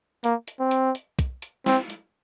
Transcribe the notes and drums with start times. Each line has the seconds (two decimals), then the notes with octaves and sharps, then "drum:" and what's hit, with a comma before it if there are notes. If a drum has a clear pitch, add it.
0.24 A#3, drum: hi-hat
0.48 drum: hi-hat
0.60 C4
0.71 drum: hi-hat
0.95 drum: hi-hat
1.19 drum: kick, hi-hat
1.42 drum: hi-hat
1.66 C4, drum: snare
1.90 drum: hi-hat